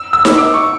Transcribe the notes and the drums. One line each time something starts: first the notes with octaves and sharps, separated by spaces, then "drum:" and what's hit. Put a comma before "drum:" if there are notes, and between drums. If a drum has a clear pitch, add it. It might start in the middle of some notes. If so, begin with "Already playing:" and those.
Already playing: E6
E6
drum: snare D#4
D6
C#6